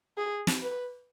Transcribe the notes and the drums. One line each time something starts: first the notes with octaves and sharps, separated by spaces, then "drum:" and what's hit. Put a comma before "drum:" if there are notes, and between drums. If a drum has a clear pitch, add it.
G#4
drum: snare
B4